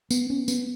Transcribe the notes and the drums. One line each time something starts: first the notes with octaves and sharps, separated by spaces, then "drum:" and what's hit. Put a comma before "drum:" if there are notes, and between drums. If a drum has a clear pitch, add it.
B3, drum: tambourine
C#4
B3, drum: tambourine